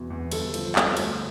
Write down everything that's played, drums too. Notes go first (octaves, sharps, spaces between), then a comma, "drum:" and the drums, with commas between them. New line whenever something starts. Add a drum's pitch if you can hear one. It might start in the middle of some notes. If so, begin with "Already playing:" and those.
Already playing: E2 B2
E2
G1 A4, drum: cymbal
F3, drum: cymbal
G1, drum: clap
D2, drum: cymbal